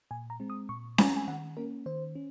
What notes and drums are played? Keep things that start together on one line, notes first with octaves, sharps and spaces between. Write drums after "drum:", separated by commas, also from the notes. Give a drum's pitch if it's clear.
A#2 G#5
A#5
G#3 C4
D#6
A#2 C#6
G#3 C4 G#5, drum: snare C#4
A#5
G#5
D#3 F#5
A#3 C#4 A#4
D#3 C5
C#4